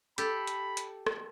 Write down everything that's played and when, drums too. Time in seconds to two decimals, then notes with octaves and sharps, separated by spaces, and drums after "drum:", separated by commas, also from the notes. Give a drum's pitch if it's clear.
0.18 G4 A4 B5, drum: hi-hat
0.47 drum: hi-hat
0.77 drum: hi-hat
1.07 drum: rim click